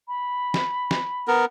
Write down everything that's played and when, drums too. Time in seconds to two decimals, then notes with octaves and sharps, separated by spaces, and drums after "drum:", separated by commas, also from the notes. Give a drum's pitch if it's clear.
0.08 B5
0.54 drum: snare
0.91 drum: snare
1.28 B3 A#4